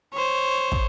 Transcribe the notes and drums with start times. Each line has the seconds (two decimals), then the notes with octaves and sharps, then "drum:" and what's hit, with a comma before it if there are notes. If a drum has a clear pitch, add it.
0.13 C5 C#5
0.72 drum: kick